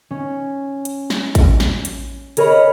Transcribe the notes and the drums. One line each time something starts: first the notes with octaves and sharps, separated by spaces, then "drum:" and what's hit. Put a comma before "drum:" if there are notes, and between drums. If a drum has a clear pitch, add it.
C#4
drum: hi-hat
drum: snare
drum: kick A1, hi-hat
drum: snare
drum: hi-hat
G#4 A#4 C#5 D#5 B5, drum: hi-hat